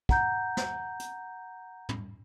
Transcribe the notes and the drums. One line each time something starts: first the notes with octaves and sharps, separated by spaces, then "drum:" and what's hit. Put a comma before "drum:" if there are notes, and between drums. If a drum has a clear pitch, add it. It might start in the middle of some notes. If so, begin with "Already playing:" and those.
F#5 A#5 G6, drum: kick
drum: snare
drum: hi-hat
drum: tom